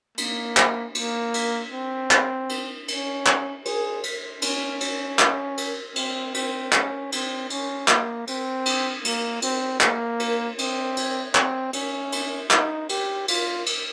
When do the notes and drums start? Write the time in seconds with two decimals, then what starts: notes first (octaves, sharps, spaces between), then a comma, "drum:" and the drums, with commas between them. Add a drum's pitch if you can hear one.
0.18 A#3, drum: cymbal
0.57 drum: clap
0.95 A#3, drum: cymbal
1.34 drum: cymbal
1.72 C4
2.11 drum: clap
2.49 drum: cymbal
2.88 C#4, drum: cymbal
3.26 drum: clap
3.65 G#4, drum: cymbal
4.03 drum: cymbal
4.42 C#4, drum: cymbal
4.80 drum: cymbal
5.19 drum: clap
5.57 drum: cymbal
5.96 C4, drum: cymbal
6.34 C4, drum: cymbal
6.72 C#4, drum: clap
7.12 C4, drum: cymbal
7.50 C#4, drum: cymbal
7.88 A#3, drum: clap
8.27 C4, drum: cymbal
8.66 drum: cymbal
9.05 A#3, drum: cymbal
9.42 C4, drum: cymbal
9.81 A#3, drum: clap
10.20 drum: cymbal
10.59 C4, drum: cymbal
10.97 drum: cymbal
11.35 C4, drum: clap
11.73 C#4, drum: cymbal
12.12 drum: cymbal
12.51 D#4, drum: clap
12.89 G4, drum: cymbal
13.28 F4, drum: cymbal
13.66 drum: cymbal